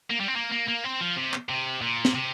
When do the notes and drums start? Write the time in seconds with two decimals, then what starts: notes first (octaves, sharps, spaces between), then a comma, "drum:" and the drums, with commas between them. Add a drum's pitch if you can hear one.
0.10 A#3
0.20 G3
0.28 C4
0.36 A#3
0.52 A#3
0.68 A#3
0.85 C4
1.01 F3
1.16 C3
1.33 drum: clap
1.49 C3
1.82 A#2
2.05 drum: snare
2.14 C3